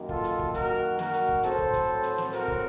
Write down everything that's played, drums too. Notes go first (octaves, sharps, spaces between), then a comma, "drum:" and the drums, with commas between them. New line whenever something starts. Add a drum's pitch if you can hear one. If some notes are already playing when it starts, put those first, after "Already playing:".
Already playing: F#2 D#3 A#3
F4 A4, drum: kick
drum: hi-hat
drum: kick
F#4 A#4, drum: kick, hi-hat
F#4 A#4, drum: snare
drum: hi-hat
drum: kick
A2 F#3 C4 A4 C5, drum: hi-hat
drum: kick
drum: kick, hi-hat
drum: hi-hat
drum: snare
F#4 A#4, drum: hi-hat
drum: kick